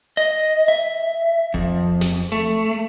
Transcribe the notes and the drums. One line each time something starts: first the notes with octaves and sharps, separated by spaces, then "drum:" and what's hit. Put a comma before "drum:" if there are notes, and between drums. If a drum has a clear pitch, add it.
D#5
E5
F2, drum: kick D#1
drum: snare
A3